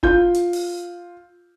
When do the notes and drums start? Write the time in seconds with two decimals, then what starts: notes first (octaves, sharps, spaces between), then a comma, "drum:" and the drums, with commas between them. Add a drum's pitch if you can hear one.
0.03 F4 G6, drum: kick F1
0.34 drum: hi-hat
0.53 drum: open hi-hat